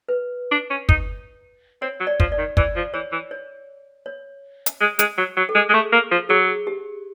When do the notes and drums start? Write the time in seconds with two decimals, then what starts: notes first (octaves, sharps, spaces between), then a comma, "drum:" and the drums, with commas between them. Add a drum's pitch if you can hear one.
0.09 B4
0.51 D4
0.70 C#4
0.89 D#4, drum: kick
1.82 C4 C#5
2.00 F#3
2.07 D5
2.20 F3, drum: kick
2.32 D5
2.38 D#3
2.57 E3 D5, drum: kick
2.76 F3
2.94 E3 C#5
3.12 E3
3.31 C#5
4.06 C#5
4.66 drum: hi-hat
4.81 G#3
4.99 G#3, drum: hi-hat
5.18 F#3
5.37 F#3
5.49 A4
5.55 G#3 G#4
5.69 G#3
5.74 A3
5.93 A#3
6.11 F3
6.29 F#3 G#4
6.67 G4